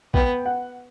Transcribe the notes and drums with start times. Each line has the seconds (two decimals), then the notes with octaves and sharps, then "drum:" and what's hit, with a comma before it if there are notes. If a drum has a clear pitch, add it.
0.14 B3 G5, drum: kick
0.46 F#5